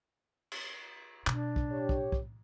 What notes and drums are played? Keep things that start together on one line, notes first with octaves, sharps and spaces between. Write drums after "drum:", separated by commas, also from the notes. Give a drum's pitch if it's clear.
drum: cymbal
B2 D4, drum: clap
drum: kick
G4 C#5
drum: kick
drum: kick